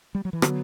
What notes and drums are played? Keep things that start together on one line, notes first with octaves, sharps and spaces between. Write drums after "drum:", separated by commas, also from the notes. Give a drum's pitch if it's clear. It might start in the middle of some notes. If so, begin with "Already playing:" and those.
G3
F#3
E3
D3 F#3 B3, drum: rim click